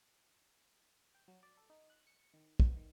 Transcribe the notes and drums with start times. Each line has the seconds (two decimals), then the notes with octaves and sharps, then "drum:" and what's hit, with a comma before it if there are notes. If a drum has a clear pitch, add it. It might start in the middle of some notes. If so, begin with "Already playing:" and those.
1.15 G5
1.28 F#3
1.43 D5
1.57 A4
1.70 D#4
1.90 F#6
2.07 C#7
2.34 D#3
2.60 B3, drum: kick
2.76 D#3